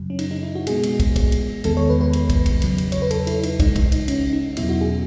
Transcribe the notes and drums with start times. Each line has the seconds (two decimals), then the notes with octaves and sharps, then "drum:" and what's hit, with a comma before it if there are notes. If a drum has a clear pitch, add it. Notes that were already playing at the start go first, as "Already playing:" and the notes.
Already playing: F#2 C#3 F#3
0.10 C#4
0.19 D#4, drum: cymbal
0.31 D#4
0.43 E4
0.55 F#4
0.67 B2 G#3 B3 G#4, drum: cymbal
0.83 drum: cymbal
1.00 drum: kick, cymbal
1.16 drum: kick, cymbal
1.32 drum: cymbal
1.64 E2 D#3 G#3 B3 A4, drum: cymbal
1.77 C#5
1.89 B4
2.01 B4
2.13 drum: cymbal
2.30 drum: kick, cymbal
2.46 drum: kick, cymbal
2.62 E2 C#3 F#3, drum: cymbal
2.78 drum: cymbal
2.92 C#5, drum: cymbal
3.02 B4
3.11 A4, drum: cymbal
3.27 E4, drum: cymbal
3.43 D#4, drum: cymbal
3.60 C#2 C#3 G#3 D#4, drum: kick, cymbal
3.76 drum: kick, cymbal
3.92 drum: cymbal
4.08 C#4, drum: cymbal
4.33 D#4
4.57 E2 B2 F#3 B3 E4, drum: cymbal
4.69 F#4
4.81 G#4